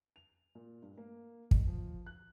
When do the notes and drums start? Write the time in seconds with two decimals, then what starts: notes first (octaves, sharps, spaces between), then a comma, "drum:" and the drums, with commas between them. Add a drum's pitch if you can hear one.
0.16 F7
0.55 A#2
0.82 G2
0.97 A#3
1.51 D#5, drum: kick
1.67 F3
2.06 F#6